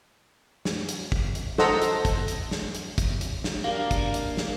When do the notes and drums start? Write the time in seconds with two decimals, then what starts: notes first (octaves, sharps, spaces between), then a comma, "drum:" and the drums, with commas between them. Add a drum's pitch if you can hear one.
0.65 drum: snare
0.89 drum: hi-hat
1.12 drum: kick
1.35 drum: hi-hat
1.58 A4 C5 D#5 F#5 A#5 E6, drum: snare
1.82 drum: hi-hat
2.05 drum: kick, hi-hat
2.28 drum: hi-hat
2.51 drum: snare
2.75 drum: hi-hat
2.98 drum: kick, hi-hat
3.21 drum: hi-hat
3.44 drum: snare
3.64 A#3 D4 G4 F5
3.91 drum: kick, hi-hat
4.14 drum: hi-hat
4.37 drum: snare